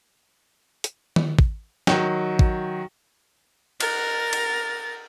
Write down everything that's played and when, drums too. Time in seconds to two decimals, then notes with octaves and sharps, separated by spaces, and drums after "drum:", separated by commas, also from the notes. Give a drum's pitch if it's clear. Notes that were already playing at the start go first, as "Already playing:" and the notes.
0.84 drum: hi-hat
1.16 drum: tom D#3
1.39 drum: kick
1.87 D#3 F#3, drum: snare
2.39 drum: kick
3.80 A#4 A6, drum: cymbal
4.33 drum: cymbal